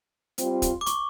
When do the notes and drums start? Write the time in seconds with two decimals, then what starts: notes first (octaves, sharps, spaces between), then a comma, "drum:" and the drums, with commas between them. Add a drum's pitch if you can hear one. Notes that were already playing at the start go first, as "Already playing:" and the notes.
0.38 G3 C4 F4, drum: hi-hat
0.62 drum: kick, hi-hat
0.81 D6
0.86 C#6, drum: hi-hat